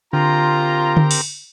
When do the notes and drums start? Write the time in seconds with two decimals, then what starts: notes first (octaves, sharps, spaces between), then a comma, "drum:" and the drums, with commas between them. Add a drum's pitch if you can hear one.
0.13 D3 C4 F4 G4 A#4 A#5
0.97 drum: tom D3
1.11 drum: open hi-hat